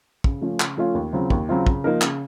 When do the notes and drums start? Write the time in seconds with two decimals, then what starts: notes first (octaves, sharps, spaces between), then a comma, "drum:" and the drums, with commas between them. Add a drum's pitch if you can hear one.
0.24 C#3, drum: kick
0.41 F3 A3 C#4 F4
0.60 C#3, drum: clap
0.77 F3 A3 C#4 F4
0.95 D#2
1.13 C#3 F#3 C4 F4
1.30 D#2, drum: kick
1.49 C#3 F#3 C4 F4
1.66 C#3, drum: kick
1.84 F3 A#3 D#4 A#4
2.01 C#3, drum: clap